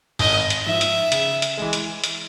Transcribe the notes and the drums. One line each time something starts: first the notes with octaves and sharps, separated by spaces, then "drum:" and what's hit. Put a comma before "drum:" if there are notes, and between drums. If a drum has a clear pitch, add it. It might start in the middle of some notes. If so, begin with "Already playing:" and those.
G#1 D#5, drum: open hi-hat
drum: hi-hat
G#2 F3 E5
drum: hi-hat
C#3, drum: hi-hat
drum: hi-hat
E3 G#3
drum: hi-hat
drum: hi-hat